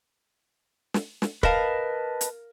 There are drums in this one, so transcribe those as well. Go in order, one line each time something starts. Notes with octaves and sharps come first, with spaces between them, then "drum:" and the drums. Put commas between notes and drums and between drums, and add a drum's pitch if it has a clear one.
drum: snare
drum: snare
A#4 B4 D#5 F5 A5, drum: kick
drum: hi-hat